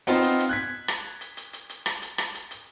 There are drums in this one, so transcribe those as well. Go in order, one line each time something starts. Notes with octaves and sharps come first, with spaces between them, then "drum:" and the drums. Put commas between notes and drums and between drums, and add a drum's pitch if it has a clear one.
B3 C4 D#4 F4 C5, drum: hi-hat
drum: hi-hat
drum: hi-hat
F#6 G#6 B6
drum: rim click
drum: hi-hat
drum: hi-hat
drum: hi-hat
drum: hi-hat
drum: rim click
drum: hi-hat
drum: rim click
drum: hi-hat
drum: hi-hat